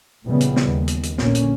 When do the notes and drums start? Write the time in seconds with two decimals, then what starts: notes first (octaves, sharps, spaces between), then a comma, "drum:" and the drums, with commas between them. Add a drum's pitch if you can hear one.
0.25 A#2 C#3 E3 G3 B3
0.40 drum: hi-hat
0.56 drum: snare
0.66 D#2
0.88 drum: hi-hat
1.03 drum: hi-hat
1.18 A#1 D3 A#3 C#4, drum: snare
1.35 drum: hi-hat